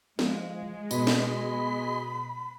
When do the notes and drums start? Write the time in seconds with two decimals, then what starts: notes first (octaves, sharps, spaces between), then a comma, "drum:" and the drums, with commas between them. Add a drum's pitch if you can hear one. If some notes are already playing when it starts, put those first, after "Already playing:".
0.19 F3 G#3, drum: snare
0.91 B2 G#4 D#5 B5 C6, drum: tambourine
1.07 drum: snare